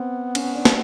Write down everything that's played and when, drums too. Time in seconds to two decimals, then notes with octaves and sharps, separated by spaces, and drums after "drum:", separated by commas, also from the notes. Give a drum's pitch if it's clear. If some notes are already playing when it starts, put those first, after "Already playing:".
Already playing: B3 C4
0.35 C#4, drum: cymbal
0.55 D4
0.65 drum: snare